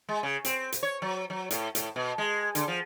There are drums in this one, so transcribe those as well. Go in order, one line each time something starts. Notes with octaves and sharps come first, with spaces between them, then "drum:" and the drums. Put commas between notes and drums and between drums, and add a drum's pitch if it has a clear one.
G#3
C#3
C4, drum: hi-hat
drum: hi-hat
C#5
F#3
F#3
A2, drum: hi-hat
A2, drum: hi-hat
B2
G#3
D3, drum: hi-hat
F3